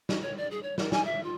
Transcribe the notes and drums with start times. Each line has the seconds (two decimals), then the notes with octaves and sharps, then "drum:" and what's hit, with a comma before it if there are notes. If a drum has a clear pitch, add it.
0.09 F#4, drum: snare
0.21 C#5
0.37 D5
0.50 G#4
0.62 C#5
0.78 A#4, drum: snare
0.92 G#5, drum: snare
1.04 E5
1.23 F4